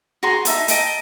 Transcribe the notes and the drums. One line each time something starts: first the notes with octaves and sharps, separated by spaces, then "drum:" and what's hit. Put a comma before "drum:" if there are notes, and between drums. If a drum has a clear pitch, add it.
F#4 G#4 A#5 C6
D#4 E5 A5, drum: hi-hat
D#5 G5 A5 A#5, drum: hi-hat